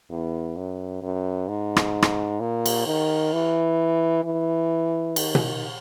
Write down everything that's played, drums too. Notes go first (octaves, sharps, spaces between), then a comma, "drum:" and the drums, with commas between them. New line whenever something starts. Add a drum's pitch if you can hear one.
E2
F#2
F#2
G#2
drum: rim click
drum: rim click
A#2
drum: cymbal
D#3
E3
E3
D#3, drum: cymbal
drum: tom B2